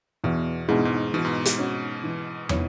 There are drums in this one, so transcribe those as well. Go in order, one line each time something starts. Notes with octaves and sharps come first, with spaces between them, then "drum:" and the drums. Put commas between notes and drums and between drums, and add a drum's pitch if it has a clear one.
E2 B2
G#2 B2 G#3 E4
G#2
B2 E3
G#2
G#2, drum: hi-hat
C#4 F#4
E3
B3 E4 C#5, drum: tom